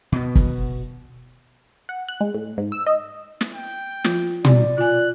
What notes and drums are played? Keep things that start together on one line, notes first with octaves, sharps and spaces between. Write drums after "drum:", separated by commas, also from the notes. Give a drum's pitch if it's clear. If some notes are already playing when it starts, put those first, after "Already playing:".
B2 B3
drum: kick
F#5
F#6
G#3
A2
G#2
E6
D#5
drum: snare
G5
F3 F4, drum: snare
D5, drum: tom
F4 G#5 F#6